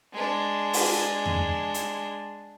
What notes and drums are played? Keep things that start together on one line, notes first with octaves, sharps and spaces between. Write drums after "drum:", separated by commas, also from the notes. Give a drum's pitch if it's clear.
G#3 D4
drum: open hi-hat
drum: tom E2
drum: hi-hat